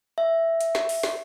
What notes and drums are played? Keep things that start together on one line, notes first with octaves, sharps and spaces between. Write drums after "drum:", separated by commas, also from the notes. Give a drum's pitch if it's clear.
E5
drum: hi-hat
drum: snare
drum: open hi-hat
drum: snare